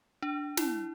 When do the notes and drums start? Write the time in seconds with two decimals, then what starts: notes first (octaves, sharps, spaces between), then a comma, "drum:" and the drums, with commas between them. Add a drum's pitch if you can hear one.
0.22 D4
0.57 E4, drum: snare